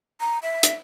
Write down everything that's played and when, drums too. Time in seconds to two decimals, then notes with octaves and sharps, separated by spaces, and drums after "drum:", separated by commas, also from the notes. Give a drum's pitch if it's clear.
0.20 A#5
0.42 E5
0.63 drum: hi-hat